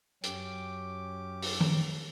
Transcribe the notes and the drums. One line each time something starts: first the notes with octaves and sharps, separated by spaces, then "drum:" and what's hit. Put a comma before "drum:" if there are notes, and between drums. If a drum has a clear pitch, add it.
F#2 C#4 G4 D6, drum: hi-hat
drum: open hi-hat
drum: tom D#3